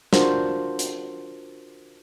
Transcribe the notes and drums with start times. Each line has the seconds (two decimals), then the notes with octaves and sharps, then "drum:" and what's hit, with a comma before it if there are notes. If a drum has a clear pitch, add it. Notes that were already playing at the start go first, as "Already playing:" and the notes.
0.13 D4 F4 F#4 A#4 C5, drum: snare
0.79 drum: hi-hat